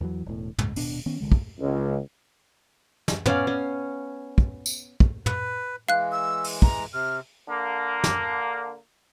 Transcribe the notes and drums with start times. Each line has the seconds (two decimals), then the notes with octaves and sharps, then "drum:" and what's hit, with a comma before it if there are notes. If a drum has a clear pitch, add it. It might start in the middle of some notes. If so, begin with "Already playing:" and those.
0.01 E2 E3 F#3
0.26 E1 A2
0.58 C#2 G#2, drum: tom
0.76 D#1 B2 D4, drum: open hi-hat
1.06 D#3 B3 C#4
1.20 C2 A#2 D3 G#3
1.32 drum: kick
1.59 C#2
3.08 drum: snare
3.26 B3 C#4 D5 F5, drum: tom
3.47 C#4
4.38 drum: kick
4.66 drum: tambourine
5.00 drum: kick
5.26 B4, drum: tom
5.89 E3 G#3 F5 F#6
6.12 E6
6.44 drum: open hi-hat
6.62 A#5, drum: kick
6.93 C3 F6
7.48 D3 A#3
8.04 drum: snare